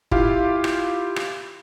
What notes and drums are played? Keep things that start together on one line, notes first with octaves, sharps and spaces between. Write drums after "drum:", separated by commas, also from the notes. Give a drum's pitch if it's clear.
E4 F4 G4 F5, drum: kick
drum: rim click
drum: rim click